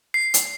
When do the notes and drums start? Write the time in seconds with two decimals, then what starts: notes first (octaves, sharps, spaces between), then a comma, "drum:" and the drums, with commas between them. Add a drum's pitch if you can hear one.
0.14 C7
0.34 drum: hi-hat